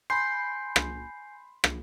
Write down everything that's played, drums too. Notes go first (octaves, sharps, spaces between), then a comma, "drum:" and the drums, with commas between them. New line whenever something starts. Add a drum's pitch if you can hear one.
G#5 B5 C6 G6 C7
drum: rim click
drum: rim click